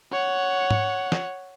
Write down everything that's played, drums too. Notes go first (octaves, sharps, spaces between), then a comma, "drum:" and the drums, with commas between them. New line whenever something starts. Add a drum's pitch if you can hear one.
C#5 F#5
drum: tom G#2
drum: snare